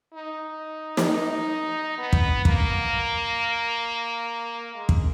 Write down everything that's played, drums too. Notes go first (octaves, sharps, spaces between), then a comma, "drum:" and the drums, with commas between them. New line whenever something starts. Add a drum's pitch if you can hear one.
D#4
drum: snare
B3
drum: kick
A#3, drum: kick
G#3
drum: kick